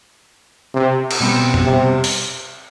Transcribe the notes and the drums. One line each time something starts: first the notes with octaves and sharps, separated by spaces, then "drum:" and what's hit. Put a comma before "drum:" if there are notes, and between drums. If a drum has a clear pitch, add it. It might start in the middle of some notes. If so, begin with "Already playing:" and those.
C3
drum: cymbal
B2 G3 C4
drum: tom
C3
drum: open hi-hat